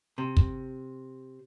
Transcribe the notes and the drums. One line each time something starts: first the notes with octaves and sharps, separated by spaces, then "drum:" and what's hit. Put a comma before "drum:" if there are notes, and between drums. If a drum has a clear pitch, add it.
C3
drum: kick